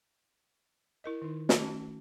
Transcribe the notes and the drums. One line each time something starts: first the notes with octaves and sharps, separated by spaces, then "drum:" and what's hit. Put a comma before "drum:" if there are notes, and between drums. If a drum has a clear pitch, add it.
E4 A#4 D#5
D#3 D#4
drum: snare
A3 C#4 F#4 A5